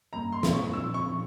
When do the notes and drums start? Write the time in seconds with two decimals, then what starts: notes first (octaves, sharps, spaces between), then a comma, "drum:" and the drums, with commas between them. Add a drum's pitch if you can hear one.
0.13 G2 G3 A#3 C#4 A#5
0.32 C6
0.43 drum: snare
0.53 C#6
0.73 A#2 F3 C4 F4 E6
0.94 C#6